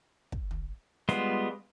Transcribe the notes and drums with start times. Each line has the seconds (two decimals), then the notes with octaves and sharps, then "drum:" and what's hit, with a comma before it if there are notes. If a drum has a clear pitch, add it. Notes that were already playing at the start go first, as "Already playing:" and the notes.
0.32 drum: kick
0.51 drum: tom
1.09 G3 G#3 B3 F4, drum: hi-hat